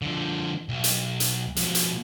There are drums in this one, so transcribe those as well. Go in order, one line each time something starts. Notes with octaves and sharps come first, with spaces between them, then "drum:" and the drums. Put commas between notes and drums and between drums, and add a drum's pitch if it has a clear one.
D3 F3
B1
drum: hi-hat
drum: hi-hat
F2 B2, drum: hi-hat
drum: hi-hat